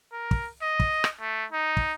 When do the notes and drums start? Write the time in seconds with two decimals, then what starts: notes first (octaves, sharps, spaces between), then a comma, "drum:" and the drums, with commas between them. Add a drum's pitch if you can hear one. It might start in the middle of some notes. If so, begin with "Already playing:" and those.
0.12 A#4
0.31 drum: kick
0.62 D#5
0.80 drum: kick
1.04 drum: rim click
1.21 A3
1.52 D#4
1.77 drum: kick